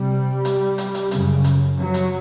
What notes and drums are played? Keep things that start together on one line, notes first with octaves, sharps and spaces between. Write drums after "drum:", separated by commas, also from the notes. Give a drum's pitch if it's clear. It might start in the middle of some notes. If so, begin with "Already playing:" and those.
Already playing: C3 G3
drum: hi-hat
drum: hi-hat
drum: hi-hat
F#2 C#3, drum: hi-hat
drum: hi-hat
F#3
drum: hi-hat